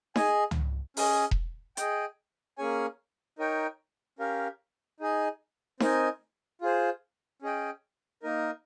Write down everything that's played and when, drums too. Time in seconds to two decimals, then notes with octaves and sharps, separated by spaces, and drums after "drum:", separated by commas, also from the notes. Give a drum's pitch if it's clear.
0.16 G#4 D#5 G#5, drum: snare D#4
0.51 drum: tom
0.97 C#4 G#4 D#5 G#5, drum: open hi-hat
1.31 drum: kick E1
1.77 G#4 D#5 G5, drum: hi-hat
2.58 A#3 C#4 G#4 C#5 G#5
3.39 D#4 A#4 C#5 G5
4.19 C#4 G4 A#4 F5
5.00 D#4 G#4 D#5 G#5
5.80 C4 D#4 A#4 D#5 G#5, drum: snare D#4
6.61 F4 G#4 C5
7.42 C#4 G#4 D#5 G5
8.23 A#3 D#4 A#4